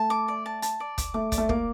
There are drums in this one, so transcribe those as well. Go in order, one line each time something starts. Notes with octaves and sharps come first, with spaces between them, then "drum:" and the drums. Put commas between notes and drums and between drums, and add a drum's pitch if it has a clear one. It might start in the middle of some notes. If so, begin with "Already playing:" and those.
Already playing: A3 A5
D6
D5
A5
A5, drum: hi-hat
D5
D6, drum: kick, hi-hat
A3 D6
D5, drum: kick, hi-hat
A3
A#3 D6, drum: kick